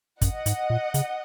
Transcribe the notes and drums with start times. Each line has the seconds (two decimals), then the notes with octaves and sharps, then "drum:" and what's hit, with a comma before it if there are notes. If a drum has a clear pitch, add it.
0.21 F#2 D#5 F#5, drum: kick, hi-hat
0.46 G#2, drum: hi-hat
0.70 A#2
0.94 C#3, drum: hi-hat